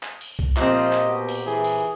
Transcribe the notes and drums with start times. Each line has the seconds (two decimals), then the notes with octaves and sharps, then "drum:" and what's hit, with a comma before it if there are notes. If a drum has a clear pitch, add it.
0.03 drum: clap
0.21 drum: open hi-hat
0.39 drum: kick C2
0.57 A#2 F3 C4 G4 D#5, drum: clap
0.93 drum: clap
1.06 B2
1.29 drum: open hi-hat
1.46 E3 G#4
1.64 drum: open hi-hat